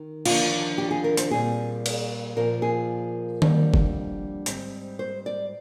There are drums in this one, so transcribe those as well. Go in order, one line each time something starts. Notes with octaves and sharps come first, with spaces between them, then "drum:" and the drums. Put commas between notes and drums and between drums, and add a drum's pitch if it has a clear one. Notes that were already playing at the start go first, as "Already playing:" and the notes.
Already playing: D#3
D#2 D3 F3 A#3 D4 F4, drum: cymbal
G4
G#4
A#4
C5, drum: hi-hat
A#2 G3 C4 G#4
drum: cymbal
A#2 F3 A#3 A#4
G#4
F2 D3 G3 A#3, drum: tom D#3
drum: kick
G#2 G3 C4, drum: hi-hat
C5
D5